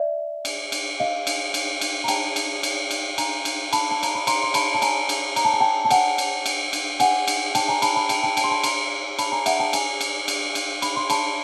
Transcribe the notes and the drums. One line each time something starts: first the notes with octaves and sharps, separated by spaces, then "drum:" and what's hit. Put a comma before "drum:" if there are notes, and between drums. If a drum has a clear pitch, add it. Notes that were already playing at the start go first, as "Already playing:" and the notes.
Already playing: D5 E5
drum: cymbal
drum: cymbal
D#5 F5
drum: cymbal
drum: cymbal
drum: cymbal
A#5
G5 A5, drum: cymbal
drum: cymbal
drum: cymbal
drum: cymbal
G#5 A#5, drum: cymbal
drum: cymbal
A5 B5, drum: cymbal
A5
A#5, drum: cymbal
B5
A#5 C6, drum: cymbal
C6
A5 B5, drum: cymbal
A5
G#5 A#5, drum: cymbal
drum: cymbal
A#5, drum: cymbal
A5
G#5
G5 A5
A5
F#5 G#5, drum: cymbal
drum: cymbal
drum: cymbal
drum: cymbal
F#5 G#5, drum: cymbal
drum: cymbal
G5 A5, drum: cymbal
G#5 A#5
A5 B5, drum: cymbal
A5 B5
G5 A5, drum: cymbal
G5 A5
G5 A5, drum: cymbal
C6
A5 B5
A#5 C6, drum: cymbal
A5 B5, drum: cymbal
G#5 A#5
E5 F#5, drum: cymbal
G5 A5
G#5 A#5, drum: cymbal
drum: cymbal
drum: cymbal
drum: cymbal
B5, drum: cymbal
C6
A5 B5, drum: cymbal